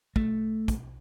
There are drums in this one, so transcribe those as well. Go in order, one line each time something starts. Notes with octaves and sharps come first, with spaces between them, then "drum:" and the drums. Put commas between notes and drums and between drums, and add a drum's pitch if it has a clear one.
A3, drum: kick
drum: kick, hi-hat